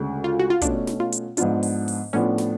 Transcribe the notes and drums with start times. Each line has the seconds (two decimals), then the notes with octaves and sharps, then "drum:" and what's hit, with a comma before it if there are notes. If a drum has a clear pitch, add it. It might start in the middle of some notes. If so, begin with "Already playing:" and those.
Already playing: D2 C#3 G#3
0.24 F4
0.40 F#4
0.50 F4
0.61 B2 A3 C#4 D4, drum: kick, hi-hat
0.87 drum: snare
1.00 F4
1.12 drum: hi-hat
1.37 G#2 F3 B3 D4 F4, drum: hi-hat
1.63 drum: open hi-hat
1.88 drum: open hi-hat
2.13 A2 F3 B3 C#4 D4
2.38 drum: snare